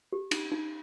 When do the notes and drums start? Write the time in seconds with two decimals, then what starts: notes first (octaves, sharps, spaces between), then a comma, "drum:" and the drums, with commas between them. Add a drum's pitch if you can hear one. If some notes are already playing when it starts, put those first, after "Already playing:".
0.12 G4
0.31 D#4, drum: cymbal
0.52 D#4